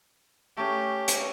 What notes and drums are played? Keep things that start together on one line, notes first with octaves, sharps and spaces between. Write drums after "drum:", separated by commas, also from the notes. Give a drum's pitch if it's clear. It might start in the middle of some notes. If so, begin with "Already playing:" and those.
A3 C#4 G4
drum: hi-hat